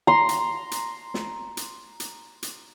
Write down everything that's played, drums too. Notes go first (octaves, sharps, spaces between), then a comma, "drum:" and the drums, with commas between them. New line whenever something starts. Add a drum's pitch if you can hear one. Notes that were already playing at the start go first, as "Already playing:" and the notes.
A#5 C6
drum: hi-hat
drum: hi-hat
drum: snare
drum: hi-hat
drum: hi-hat
drum: hi-hat